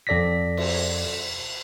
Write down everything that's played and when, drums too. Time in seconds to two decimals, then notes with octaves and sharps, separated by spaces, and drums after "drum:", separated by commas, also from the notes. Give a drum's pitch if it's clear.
0.07 F2 A4 D5 A#6 B6
0.57 drum: cymbal